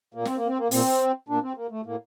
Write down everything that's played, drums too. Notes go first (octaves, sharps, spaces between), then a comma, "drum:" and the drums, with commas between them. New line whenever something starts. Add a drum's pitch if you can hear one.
A#2 A#3
C4, drum: snare
A#3
C4
A#3
A#2 C4, drum: open hi-hat
A#2 D4
C4
A#3
A3
A2 A#3